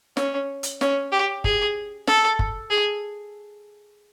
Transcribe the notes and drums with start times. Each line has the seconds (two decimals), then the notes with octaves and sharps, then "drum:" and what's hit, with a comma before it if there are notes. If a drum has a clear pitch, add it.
0.17 C#4, drum: snare
0.63 drum: hi-hat
0.81 C#4, drum: snare
1.12 G4
1.44 G#4, drum: kick F#1
2.07 A4, drum: snare
2.39 drum: kick F#1
2.70 G#4